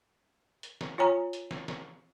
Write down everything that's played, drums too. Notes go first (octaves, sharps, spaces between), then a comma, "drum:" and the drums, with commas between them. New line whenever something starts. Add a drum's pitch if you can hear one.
drum: hi-hat
drum: snare
F4 C#5 G#5 A#5
drum: hi-hat
drum: snare
drum: snare